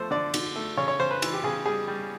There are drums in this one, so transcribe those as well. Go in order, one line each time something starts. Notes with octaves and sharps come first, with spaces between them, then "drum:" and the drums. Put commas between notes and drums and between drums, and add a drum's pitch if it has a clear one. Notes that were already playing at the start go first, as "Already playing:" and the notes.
Already playing: F3 A3 C5
D3 D5
D3, drum: cymbal
A3
C#3 C#5
C#5
C#3 C5
B4
E3, drum: cymbal
G4
C#3 G#4
G3 G#4
G3